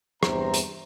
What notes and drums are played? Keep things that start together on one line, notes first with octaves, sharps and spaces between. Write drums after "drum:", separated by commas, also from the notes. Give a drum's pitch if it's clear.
E2 G2 C3 C5 A#5, drum: rim click
drum: hi-hat